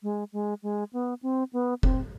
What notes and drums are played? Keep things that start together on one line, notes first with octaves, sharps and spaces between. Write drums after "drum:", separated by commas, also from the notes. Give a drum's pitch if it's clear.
G#3
G#3
G#3
B3
C4
B3
C4, drum: kick F1